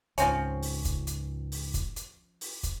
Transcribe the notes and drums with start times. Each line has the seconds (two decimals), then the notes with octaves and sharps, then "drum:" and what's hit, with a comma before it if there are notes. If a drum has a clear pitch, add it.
0.18 C#2 G#2 F3 C4 C#4, drum: hi-hat
0.62 drum: open hi-hat
0.85 drum: kick, hi-hat
1.07 drum: hi-hat
1.52 drum: open hi-hat
1.74 drum: kick, hi-hat
1.96 drum: hi-hat
2.41 drum: open hi-hat
2.63 drum: kick, hi-hat